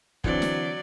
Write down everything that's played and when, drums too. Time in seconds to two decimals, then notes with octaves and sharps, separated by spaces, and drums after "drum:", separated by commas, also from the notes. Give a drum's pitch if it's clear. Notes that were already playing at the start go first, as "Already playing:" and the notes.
0.24 D3 E3 F#3 C4 D5, drum: kick
0.42 drum: snare